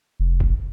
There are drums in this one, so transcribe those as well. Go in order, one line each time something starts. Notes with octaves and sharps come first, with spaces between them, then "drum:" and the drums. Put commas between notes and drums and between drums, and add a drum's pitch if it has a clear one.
F1
drum: kick